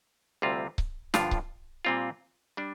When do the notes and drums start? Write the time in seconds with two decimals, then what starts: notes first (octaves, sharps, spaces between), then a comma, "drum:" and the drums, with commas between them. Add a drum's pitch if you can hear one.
0.42 D2 C3 G3 C4 F4
0.78 drum: kick C#1
1.14 G2 D3 F3 D4 F4, drum: snare
1.31 drum: kick C#1
1.85 A#2 G3 C4 F4
2.57 G3 D4